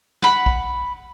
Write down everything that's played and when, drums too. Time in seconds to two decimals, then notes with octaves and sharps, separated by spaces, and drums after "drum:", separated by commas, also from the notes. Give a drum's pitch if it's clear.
0.22 F#5 B5, drum: snare
0.46 drum: kick